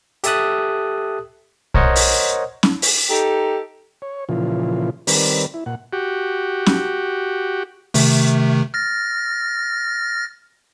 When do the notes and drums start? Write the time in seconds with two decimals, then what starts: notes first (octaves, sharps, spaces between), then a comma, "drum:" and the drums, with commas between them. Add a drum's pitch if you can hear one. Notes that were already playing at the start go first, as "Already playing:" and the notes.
0.24 G4 A4 E5 A5 D#6 F#6, drum: hi-hat
1.74 A#4 C5 C#5 D#5 F#5, drum: kick
1.96 drum: open hi-hat
2.63 drum: snare C#4
2.82 drum: open hi-hat
3.10 D#4 G4 A4
4.02 C#5
4.29 A#2 C#3 E3 F3 F4
5.07 D#3 G3 C4 A#4 B4 D5, drum: open hi-hat
5.54 E4
5.66 A#2 F#5
5.93 F#4 G4
6.66 drum: snare C#4
7.94 C3 D#3 A3, drum: open hi-hat
8.74 F6 A6 A#6